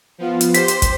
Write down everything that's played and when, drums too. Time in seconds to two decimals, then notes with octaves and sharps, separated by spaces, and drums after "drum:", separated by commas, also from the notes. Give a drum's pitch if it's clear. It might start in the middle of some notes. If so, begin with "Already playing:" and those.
0.18 F3 B3 F4
0.41 drum: hi-hat
0.54 G4 C5 B6, drum: hi-hat
0.68 drum: hi-hat
0.82 drum: kick, hi-hat